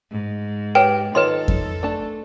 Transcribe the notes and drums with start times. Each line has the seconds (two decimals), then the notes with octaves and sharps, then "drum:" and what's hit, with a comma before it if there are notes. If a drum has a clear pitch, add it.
0.11 G#2
0.75 G4 B4 C#5 G5
1.15 D#3 F4 A4 B4 C#5 D#5 C6
1.48 drum: kick F2
1.83 A3 D4 A5